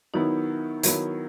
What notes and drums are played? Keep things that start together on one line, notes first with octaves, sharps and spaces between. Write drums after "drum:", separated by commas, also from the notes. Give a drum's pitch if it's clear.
D#3 F#3 B3 D#4 E4
D#3 F#3 B3 E4, drum: hi-hat